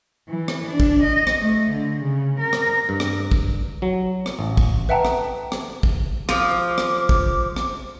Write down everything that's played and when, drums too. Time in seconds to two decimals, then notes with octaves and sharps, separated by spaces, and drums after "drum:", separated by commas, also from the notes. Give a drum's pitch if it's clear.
0.28 E3
0.48 drum: rim click
0.68 D4
0.80 drum: kick
1.03 D#5
1.27 drum: rim click
1.40 A3
1.70 D3
2.01 C#3
2.40 A#4
2.53 drum: rim click
2.89 G2
3.00 drum: rim click
3.31 drum: kick
3.82 F#3
4.26 drum: rim click
4.39 A1
4.57 drum: kick
4.89 B4 E5 F#5 G5 A5 A#5
5.05 drum: rim click
5.52 drum: rim click
5.83 drum: kick
6.29 F3 D6, drum: rim click
6.78 drum: rim click
7.09 drum: kick
7.56 drum: rim click